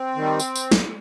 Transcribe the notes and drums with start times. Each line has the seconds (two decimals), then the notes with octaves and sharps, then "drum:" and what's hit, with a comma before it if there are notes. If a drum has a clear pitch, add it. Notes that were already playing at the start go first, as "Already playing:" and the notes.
Already playing: C4
0.16 D#3 G3
0.40 drum: tambourine
0.56 drum: tambourine
0.72 drum: snare